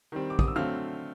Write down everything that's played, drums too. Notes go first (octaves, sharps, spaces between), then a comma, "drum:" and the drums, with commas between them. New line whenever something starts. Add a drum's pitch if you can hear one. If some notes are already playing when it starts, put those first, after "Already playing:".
D#3 G3 C4
D6
D#6, drum: kick
E6
D3 F#3 A3 C4 F5 F6